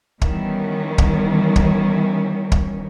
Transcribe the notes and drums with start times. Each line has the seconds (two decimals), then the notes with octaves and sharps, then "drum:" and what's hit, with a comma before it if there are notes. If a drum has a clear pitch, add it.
0.22 D#3 E3 G3 B3 C#4, drum: kick
0.98 drum: kick
1.56 drum: kick
2.52 drum: kick